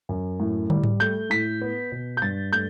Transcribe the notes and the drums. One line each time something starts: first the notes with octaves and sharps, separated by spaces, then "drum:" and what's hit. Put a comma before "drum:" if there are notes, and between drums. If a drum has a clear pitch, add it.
F#2
A2
G3, drum: tom
drum: tom G#2
A3 G6
A2 B6
B3
B2
G6
G2 A6
A3 G6